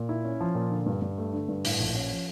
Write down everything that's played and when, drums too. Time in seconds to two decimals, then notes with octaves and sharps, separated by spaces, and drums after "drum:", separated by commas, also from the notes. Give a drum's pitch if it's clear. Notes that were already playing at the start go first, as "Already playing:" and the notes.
Already playing: A#2
0.09 E4
0.25 C#4
0.41 F3
0.55 A#2
0.71 D3
0.86 G2
1.02 G2
1.18 A3
1.33 D3
1.49 G2
1.65 A2, drum: open hi-hat
1.80 A#1
1.94 C#4
2.10 F3